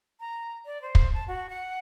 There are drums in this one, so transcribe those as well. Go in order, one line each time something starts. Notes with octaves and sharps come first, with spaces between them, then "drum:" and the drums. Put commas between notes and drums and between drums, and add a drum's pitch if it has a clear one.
A#5
D5
C5
drum: kick
A5
F#4
F#5